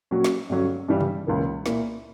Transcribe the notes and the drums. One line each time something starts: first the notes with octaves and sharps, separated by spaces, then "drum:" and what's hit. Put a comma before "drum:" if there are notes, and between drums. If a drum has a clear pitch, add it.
A#2 F#3 C#4 F#4
drum: snare
G2 D3 F#3 C#4
G2 E3 G3
drum: tom
C#2 C#3 E3 A#3
A#2 A#3 E4, drum: snare